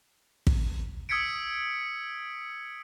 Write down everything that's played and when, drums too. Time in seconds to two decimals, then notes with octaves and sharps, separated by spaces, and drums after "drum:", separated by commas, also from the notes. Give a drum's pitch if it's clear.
0.47 drum: kick
1.09 D#6 E6 G#6 B6 C#7 D7